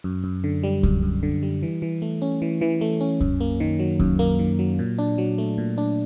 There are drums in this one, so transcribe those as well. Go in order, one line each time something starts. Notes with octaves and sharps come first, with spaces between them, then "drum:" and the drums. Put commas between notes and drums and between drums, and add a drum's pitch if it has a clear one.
F#2
F#2
D3
G3
F#2, drum: kick C2
F#2
D3
G3
E3
E3
A3
C#4
E3
E3
A3
C#4
F#2, drum: kick C2
A#3
D#3
F#3
F#2, drum: kick C2
A#3
D#3
F#3
A#2
D4
F#3
A3
A#2
D4